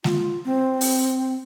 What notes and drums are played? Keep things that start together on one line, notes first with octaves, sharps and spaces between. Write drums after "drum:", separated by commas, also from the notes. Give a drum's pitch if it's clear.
F4, drum: snare G#3
C4
drum: open hi-hat